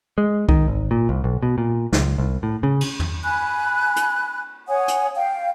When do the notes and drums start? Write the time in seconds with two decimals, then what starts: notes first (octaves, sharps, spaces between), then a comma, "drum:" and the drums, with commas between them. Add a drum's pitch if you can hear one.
0.18 G#3
0.49 D#3, drum: kick C2
0.68 G#1
0.91 A#2
1.09 C2
1.24 B1
1.43 B2
1.58 A#2
1.93 C#2, drum: snare
2.18 C2
2.43 A2
2.63 C#3
2.81 drum: cymbal
3.00 drum: tom E2
3.24 G#5 B5 F#6
3.96 drum: hi-hat
4.68 C#5 F#5 G#5 D#6
4.88 drum: hi-hat
5.16 F5 G5